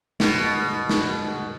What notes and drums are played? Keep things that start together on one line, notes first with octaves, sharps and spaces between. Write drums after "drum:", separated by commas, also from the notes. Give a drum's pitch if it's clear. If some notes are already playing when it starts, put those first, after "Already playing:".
B2, drum: snare
drum: snare